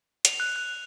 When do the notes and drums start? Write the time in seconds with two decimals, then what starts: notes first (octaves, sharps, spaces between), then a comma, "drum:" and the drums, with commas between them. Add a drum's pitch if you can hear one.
0.25 F7, drum: hi-hat
0.40 F#6
0.56 F#6